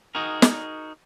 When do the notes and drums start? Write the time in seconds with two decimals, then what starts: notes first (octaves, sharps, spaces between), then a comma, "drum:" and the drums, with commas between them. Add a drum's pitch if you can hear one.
0.15 D#4 F#4 G#4 A#4
0.42 drum: snare